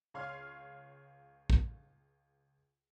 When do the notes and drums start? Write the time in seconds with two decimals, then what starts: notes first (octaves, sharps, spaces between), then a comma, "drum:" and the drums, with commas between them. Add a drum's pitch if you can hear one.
0.14 C#2 C#5 F5 C6 F6
1.50 drum: kick